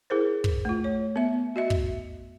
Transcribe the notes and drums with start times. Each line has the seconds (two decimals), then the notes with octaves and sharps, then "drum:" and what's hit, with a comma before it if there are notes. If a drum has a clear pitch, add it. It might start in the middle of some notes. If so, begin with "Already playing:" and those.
0.10 E4 G#4 A#4 C5
0.44 drum: kick
0.65 A3 F4
0.84 C#5
1.16 B3 E5
1.56 F#4 D#5 E5
1.70 drum: kick